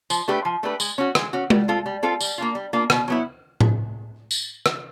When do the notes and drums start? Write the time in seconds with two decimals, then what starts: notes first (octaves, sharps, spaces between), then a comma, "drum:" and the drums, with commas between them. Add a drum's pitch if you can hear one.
0.10 F3, drum: tambourine
0.28 A3 D4 G4 B4
0.45 F3
0.63 A3 D4 G4 B4
0.80 G#3, drum: tambourine
0.98 C#4 F#4
1.15 G#3, drum: rim click
1.33 C#4 F#4
1.50 G3, drum: tom G#3
1.68 C4 F4 A4
1.86 G3
2.03 C4 F4 A4
2.20 G3, drum: tambourine
2.38 A#3 D4 F4
2.55 G3
2.73 A#3 D4 F4
2.90 B2, drum: rim click
3.08 F#3 B3 E4
3.61 drum: tom A2
4.31 drum: tambourine
4.66 drum: rim click